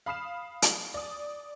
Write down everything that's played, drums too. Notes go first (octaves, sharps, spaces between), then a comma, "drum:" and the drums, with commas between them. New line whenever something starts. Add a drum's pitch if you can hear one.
F5 B5 D#6 F6 C7 E7
drum: hi-hat
D5 D#6